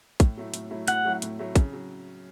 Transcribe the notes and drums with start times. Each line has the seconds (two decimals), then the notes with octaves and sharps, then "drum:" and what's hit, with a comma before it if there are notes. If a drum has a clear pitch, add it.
0.20 A2, drum: kick, hi-hat
0.37 F#3 A3 E4
0.54 A2, drum: hi-hat
0.71 F#3 A3 E4
0.88 A2 F#5, drum: hi-hat
1.05 F#3 A3 E4
1.22 A2, drum: hi-hat
1.39 F#3 A3 E4
1.56 C#3, drum: kick, hi-hat
1.73 F#3